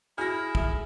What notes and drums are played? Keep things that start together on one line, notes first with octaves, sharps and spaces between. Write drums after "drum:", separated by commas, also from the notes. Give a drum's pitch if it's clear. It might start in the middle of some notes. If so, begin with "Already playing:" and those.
E4 F#4 G#4 F6 A#6
D#4 A4 E5, drum: kick